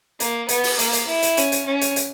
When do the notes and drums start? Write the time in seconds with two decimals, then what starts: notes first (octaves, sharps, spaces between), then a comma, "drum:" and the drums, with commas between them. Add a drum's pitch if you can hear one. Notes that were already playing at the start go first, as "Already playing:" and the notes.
0.20 A#3, drum: hi-hat
0.49 B3, drum: hi-hat
0.64 drum: open hi-hat
0.79 A#3, drum: hi-hat
0.93 drum: hi-hat
1.08 E4
1.22 drum: hi-hat
1.37 C#4, drum: hi-hat
1.52 drum: hi-hat
1.66 C#4
1.81 drum: hi-hat
1.96 drum: hi-hat